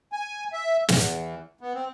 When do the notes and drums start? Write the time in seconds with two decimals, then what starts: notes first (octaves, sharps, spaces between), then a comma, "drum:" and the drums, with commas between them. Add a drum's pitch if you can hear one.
0.13 G#5
0.53 E5
0.88 E2, drum: snare
1.61 B3
1.74 C4